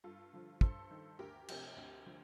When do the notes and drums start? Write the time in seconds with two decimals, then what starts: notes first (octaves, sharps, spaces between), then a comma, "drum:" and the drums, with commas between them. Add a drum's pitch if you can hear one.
0.04 G2 F4 A4
0.33 D3 F3
0.61 G2 A4 C5, drum: kick
0.91 D#3
1.19 D2 G4 A#4
1.48 C3 F3, drum: cymbal
1.76 D2
2.06 D3 F3